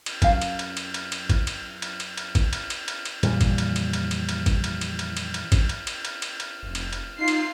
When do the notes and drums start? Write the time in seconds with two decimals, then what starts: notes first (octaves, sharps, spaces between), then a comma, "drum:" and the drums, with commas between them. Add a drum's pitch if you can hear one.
0.06 drum: cymbal
0.22 F#2 F5, drum: kick, cymbal
0.42 drum: cymbal
0.59 drum: cymbal
0.77 drum: cymbal
0.94 drum: cymbal
1.12 drum: cymbal
1.29 drum: kick, cymbal
1.47 drum: cymbal
1.82 drum: cymbal
2.00 drum: cymbal
2.17 drum: cymbal
2.35 drum: kick, cymbal
2.53 drum: cymbal
2.70 drum: cymbal
2.88 drum: cymbal
3.05 drum: cymbal
3.23 F2 A#2 E3 G3, drum: cymbal
3.41 drum: kick, cymbal
3.58 drum: cymbal
3.76 drum: cymbal
3.93 drum: cymbal
4.11 drum: cymbal
4.29 drum: cymbal
4.46 drum: kick, cymbal
4.64 drum: cymbal
4.81 drum: cymbal
4.99 drum: cymbal
5.17 drum: cymbal
5.34 drum: cymbal
5.52 drum: kick, cymbal
5.69 drum: cymbal
5.87 drum: cymbal
6.05 drum: cymbal
6.22 drum: cymbal
6.40 drum: cymbal
6.63 F1
6.75 drum: cymbal
6.93 drum: cymbal
7.19 D#4 F4 C7
7.28 drum: cymbal